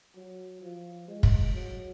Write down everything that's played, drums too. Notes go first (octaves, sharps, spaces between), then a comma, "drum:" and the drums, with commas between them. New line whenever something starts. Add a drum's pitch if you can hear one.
F#3
F3
G#3
drum: kick
F#3